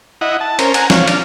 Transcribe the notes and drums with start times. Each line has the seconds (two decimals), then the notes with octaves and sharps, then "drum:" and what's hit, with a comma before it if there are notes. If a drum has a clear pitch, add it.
0.21 E4 D#5 F#5
0.41 A5
0.59 C#4 A#4 C5, drum: cymbal
0.74 F#5 G#5 A#5, drum: cymbal
0.90 C#5 F5, drum: snare
1.08 D4 F6, drum: cymbal